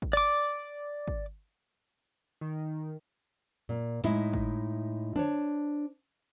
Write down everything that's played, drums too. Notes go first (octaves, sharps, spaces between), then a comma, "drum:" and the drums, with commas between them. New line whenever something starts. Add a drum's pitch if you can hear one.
drum: kick
D5 D6
drum: kick
D#3
A#2
A2 G#3 D#4 E4 E5, drum: snare
drum: kick
D4 C5 C#5, drum: tom D3